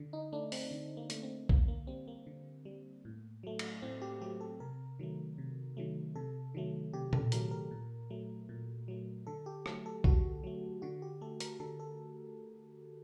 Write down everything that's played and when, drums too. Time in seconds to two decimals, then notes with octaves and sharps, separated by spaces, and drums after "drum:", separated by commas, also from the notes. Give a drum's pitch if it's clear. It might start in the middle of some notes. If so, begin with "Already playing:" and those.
Already playing: D3
0.13 D#4
0.32 A3 D4
0.52 C4, drum: open hi-hat
0.71 D3
0.97 A#3
1.10 A3, drum: hi-hat
1.23 C4
1.49 D3 A#3, drum: kick B1
1.68 A#3
1.87 G3 C4
2.08 A#3
2.27 D3
2.65 G3
3.05 A2
3.43 F#3 A3
3.59 drum: cymbal
3.82 A2 C4
4.02 G4
4.21 F#3 A3 G4
4.41 A4
4.60 C3 A#4
4.99 D#3 F#3 A3
5.38 C3
5.77 D#3 F#3 A3
6.15 C3 A4
6.54 D#3 F#3 A3
6.93 C3 G4
7.13 A4, drum: tom A#2
7.32 D#3 F#3 A3 A#4, drum: hi-hat
7.51 A#4
7.71 A#2
8.10 F#3 A3
8.49 A#2
8.88 F#3 A3
9.27 D3 A4
9.46 G4
9.66 F#3 A3 A4, drum: rim click
9.86 A4
10.04 D3 F#4, drum: kick B1
10.43 F#3 A3
10.82 D3 F#4
11.02 G4
11.21 A3 A4
11.40 A#4, drum: hi-hat
11.60 D3 A4
11.80 A4